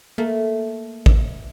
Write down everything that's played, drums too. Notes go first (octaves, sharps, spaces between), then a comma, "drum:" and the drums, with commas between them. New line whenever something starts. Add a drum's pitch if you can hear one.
A3 A#3
drum: kick A1